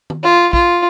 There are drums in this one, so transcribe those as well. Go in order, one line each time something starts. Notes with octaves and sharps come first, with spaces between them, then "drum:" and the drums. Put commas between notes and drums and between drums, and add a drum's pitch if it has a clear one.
drum: tom D#3
F4
F4, drum: kick